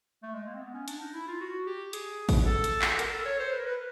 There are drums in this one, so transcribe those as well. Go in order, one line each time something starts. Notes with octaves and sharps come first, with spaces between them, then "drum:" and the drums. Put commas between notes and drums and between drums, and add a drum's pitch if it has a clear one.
A3
G#3
A#3
C4
B3
C#4
D4, drum: hi-hat
D#4
E4
F4
F#4
G4
G#4, drum: hi-hat
drum: kick A1, open hi-hat
A4
drum: hi-hat
drum: clap
A#4, drum: hi-hat
A4
C#5
C5
B4
A#4
B4